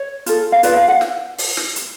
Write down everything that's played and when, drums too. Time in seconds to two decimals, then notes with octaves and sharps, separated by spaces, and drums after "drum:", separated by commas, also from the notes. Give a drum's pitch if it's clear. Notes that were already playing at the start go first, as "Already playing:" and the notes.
Already playing: C#5
0.26 F4 A4, drum: hi-hat
0.52 F5
0.63 F4 B4 D5, drum: hi-hat
0.76 F5
0.88 F#5
1.01 drum: snare
1.38 drum: open hi-hat
1.57 drum: snare
1.76 drum: hi-hat